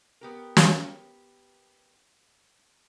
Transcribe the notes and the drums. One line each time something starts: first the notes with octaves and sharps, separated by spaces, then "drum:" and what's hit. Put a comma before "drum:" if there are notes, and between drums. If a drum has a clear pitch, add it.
B3 G4 A#4
drum: snare